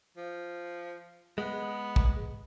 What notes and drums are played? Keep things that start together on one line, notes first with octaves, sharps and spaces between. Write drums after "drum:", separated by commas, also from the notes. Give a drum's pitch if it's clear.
F3
G#3 B3
drum: kick